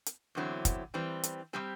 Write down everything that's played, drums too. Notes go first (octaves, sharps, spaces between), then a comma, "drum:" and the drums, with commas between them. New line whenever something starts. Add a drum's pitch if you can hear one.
drum: hi-hat
E2 D3 F#3 C4 E4
drum: kick, hi-hat
E3 G3 C4
drum: hi-hat
C3 G3 C4 G4